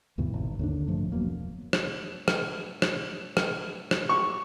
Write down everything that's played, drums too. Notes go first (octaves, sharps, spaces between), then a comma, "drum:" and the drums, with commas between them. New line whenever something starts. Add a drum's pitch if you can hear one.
D2 G2 B2 E3
G#1
D#2 D3 D4
A#1 G2 F3 A3
E1 E2 F#3 A#3
drum: rim click
drum: rim click
drum: rim click
drum: rim click
drum: rim click
C#6